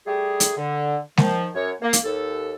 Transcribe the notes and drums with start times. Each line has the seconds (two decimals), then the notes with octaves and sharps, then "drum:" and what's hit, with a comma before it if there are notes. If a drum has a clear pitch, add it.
0.06 G3 A3 G4 G#4
0.40 drum: hi-hat
0.57 D3
1.17 D#3 F3, drum: snare G#3
1.55 F#2 C#5
1.82 A#3
1.93 drum: hi-hat
2.04 D#2 A4